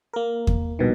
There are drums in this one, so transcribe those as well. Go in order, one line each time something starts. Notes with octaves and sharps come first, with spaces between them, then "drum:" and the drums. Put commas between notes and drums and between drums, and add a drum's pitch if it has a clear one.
A#3 A#4
drum: kick E2
A#1 G2 B2 D#3